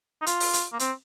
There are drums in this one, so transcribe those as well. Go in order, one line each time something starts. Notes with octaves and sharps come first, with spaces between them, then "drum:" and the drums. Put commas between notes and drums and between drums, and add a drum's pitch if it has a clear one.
D#4
F4, drum: hi-hat
drum: open hi-hat
drum: hi-hat
A#3
C4, drum: hi-hat